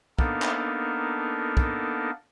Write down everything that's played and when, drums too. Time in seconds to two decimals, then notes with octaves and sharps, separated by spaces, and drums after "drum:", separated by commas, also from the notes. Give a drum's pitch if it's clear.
0.19 A#3 B3 D4 D#4 A4 A#4, drum: kick
0.42 drum: clap
1.57 drum: kick